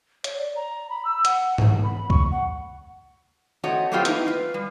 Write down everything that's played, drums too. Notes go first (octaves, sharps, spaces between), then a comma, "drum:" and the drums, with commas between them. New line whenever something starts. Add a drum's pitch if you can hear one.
C#5, drum: hi-hat
D5
A#5
B5
E6
F#5, drum: hi-hat
drum: tom G#2
B5
C#6, drum: kick C#2
F#5
A3 C4 F#4 C#5 D#5
F#3 A3 B3 C4 F4 G4
A#3 B3 D#4 E4, drum: hi-hat
F4 B4
G3